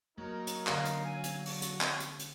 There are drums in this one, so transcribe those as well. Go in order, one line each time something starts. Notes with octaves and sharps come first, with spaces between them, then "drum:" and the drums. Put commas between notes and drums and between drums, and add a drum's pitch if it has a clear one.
F#3 A#3 D#4 A#4
drum: hi-hat
D3 F5, drum: clap
drum: hi-hat
G#5
drum: hi-hat
D4 F#4 C#6, drum: open hi-hat
drum: hi-hat
drum: clap
drum: hi-hat
drum: hi-hat